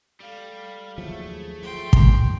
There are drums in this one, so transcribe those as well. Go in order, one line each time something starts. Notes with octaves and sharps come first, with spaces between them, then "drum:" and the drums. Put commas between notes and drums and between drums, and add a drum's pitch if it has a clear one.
G3 A4 F5
D#2 F3 F#3 A3 G#4
F3 G5 C6
drum: kick